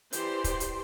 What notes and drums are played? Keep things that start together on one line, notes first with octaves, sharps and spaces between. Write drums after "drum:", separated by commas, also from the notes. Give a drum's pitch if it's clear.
E3 G4 C5 D5 C6, drum: hi-hat
drum: kick, hi-hat
drum: hi-hat